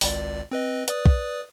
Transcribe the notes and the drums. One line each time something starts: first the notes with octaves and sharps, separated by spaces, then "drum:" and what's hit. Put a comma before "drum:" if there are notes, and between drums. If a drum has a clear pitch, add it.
G#1 C#2 D5, drum: open hi-hat
C4 B4 D#5
B4 D5 D#6, drum: hi-hat
drum: kick